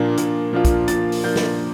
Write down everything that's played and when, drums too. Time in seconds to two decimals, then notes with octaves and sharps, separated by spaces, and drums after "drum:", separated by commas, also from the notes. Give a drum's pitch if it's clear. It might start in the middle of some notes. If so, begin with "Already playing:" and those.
Already playing: A#2 F3 A#3 D4 F4
0.17 A#2, drum: hi-hat
0.53 F3 A#3 D4 F4
0.65 drum: kick, hi-hat
0.88 A#2 A6, drum: hi-hat
1.12 drum: open hi-hat
1.24 F3 A#3 D4 F4 G6
1.36 drum: snare